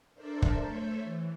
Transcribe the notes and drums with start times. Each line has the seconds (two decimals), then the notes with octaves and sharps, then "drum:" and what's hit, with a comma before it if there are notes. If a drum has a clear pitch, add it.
0.15 D4 A4 A#4 C5 D5 E5
0.42 drum: kick
0.61 A3 A4 C5 C#5 E5
1.03 E3